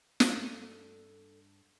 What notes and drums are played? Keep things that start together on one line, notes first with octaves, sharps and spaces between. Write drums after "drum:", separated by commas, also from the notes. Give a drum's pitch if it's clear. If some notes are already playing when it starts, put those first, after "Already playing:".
drum: snare
G2 D4 A4